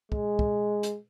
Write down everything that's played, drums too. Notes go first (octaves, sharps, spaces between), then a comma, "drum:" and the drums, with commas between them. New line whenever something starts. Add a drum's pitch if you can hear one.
G#3, drum: kick
drum: kick
drum: hi-hat